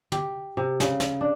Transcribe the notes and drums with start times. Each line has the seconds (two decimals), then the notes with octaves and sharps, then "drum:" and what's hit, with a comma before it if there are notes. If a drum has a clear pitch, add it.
0.12 G4, drum: tom
0.57 C3
0.80 C#3, drum: snare
1.00 drum: snare
1.21 D4